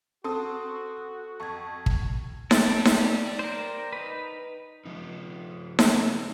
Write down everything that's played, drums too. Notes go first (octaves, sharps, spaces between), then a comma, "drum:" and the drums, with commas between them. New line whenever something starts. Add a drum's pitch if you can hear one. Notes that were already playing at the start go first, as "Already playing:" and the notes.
C4 F#4 A4 A5 C6 D#6
F2 A5 C#6 G#6
drum: kick
D5 G5 A5, drum: snare D#4
drum: snare D#4
A#4 C5
D#4 B4
F3 D#4
drum: snare D#4